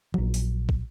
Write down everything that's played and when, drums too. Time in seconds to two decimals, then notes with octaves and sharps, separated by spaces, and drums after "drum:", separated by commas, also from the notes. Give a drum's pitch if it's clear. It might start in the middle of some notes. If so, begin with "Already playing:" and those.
0.14 A#1 F#3, drum: tom
0.34 drum: open hi-hat
0.69 drum: kick